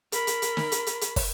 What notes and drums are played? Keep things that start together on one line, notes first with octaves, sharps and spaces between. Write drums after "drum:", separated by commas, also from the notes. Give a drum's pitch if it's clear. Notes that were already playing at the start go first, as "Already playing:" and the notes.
A#4 B5, drum: hi-hat
drum: hi-hat
drum: hi-hat
drum: snare
drum: hi-hat
drum: hi-hat
drum: hi-hat
drum: kick, open hi-hat